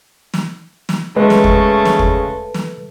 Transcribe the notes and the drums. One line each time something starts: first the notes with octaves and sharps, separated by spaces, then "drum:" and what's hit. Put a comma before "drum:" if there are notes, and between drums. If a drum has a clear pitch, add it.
drum: snare
drum: snare
C#3 G#3 A3 B4
drum: snare
drum: kick
drum: snare
drum: kick
drum: snare